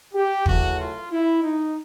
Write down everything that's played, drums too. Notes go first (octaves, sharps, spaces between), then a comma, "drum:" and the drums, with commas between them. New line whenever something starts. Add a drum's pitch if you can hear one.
G4
F#2 C#3 E3 A3 F#4, drum: kick
F4
E4
D#4